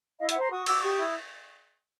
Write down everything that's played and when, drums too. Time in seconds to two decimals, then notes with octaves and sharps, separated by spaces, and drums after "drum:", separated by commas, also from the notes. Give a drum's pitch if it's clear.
0.18 E4 D#5 F5
0.29 E5 F#5, drum: hi-hat
0.35 C5 A#5 C6
0.50 F#4 C#6 D#6
0.66 F#4 D6 E6, drum: cymbal
0.81 G4 C#6 D#6
0.97 E4